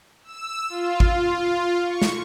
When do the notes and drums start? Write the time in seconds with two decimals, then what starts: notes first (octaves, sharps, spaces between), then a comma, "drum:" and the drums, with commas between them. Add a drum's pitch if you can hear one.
0.24 E6
0.70 F4
1.00 drum: kick G#1
1.84 C#6
2.02 drum: snare